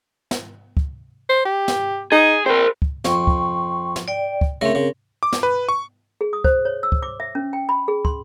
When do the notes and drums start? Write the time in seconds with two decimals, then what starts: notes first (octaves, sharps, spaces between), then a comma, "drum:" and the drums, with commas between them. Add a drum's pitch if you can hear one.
0.31 drum: snare
0.77 drum: kick
1.29 C5
1.45 G4
1.68 drum: snare
2.12 D#4 G#4
2.46 C4 A#4 C5
2.82 drum: kick
3.05 F2 G5 C6 C#6, drum: snare
3.27 drum: kick
3.96 drum: snare
4.08 D5 G5
4.41 drum: kick
4.61 C#3 A3 C4 A#4
4.75 C#3
5.23 D6
5.33 drum: snare
5.43 B4
5.69 C#6
6.21 G#4
6.33 D#6
6.44 C5, drum: kick
6.65 C#5
6.83 E6
6.92 drum: kick
7.03 D6
7.20 E5
7.35 C#4
7.53 G5
7.69 B5
7.88 G#4
8.05 C6, drum: kick